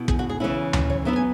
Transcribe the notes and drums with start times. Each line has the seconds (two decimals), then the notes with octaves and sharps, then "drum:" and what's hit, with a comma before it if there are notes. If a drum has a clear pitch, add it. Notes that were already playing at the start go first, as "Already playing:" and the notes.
Already playing: B2 B3 E4
0.08 G#4, drum: kick
0.19 F#4
0.29 G#4
0.40 C#3 E3 C#4 E4
0.73 drum: tom D2
0.90 C#5
1.05 F#3 B3 E4 E5
1.16 G#5